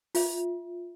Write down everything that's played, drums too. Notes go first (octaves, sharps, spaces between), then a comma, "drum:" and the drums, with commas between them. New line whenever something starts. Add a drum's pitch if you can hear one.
F4 E5, drum: open hi-hat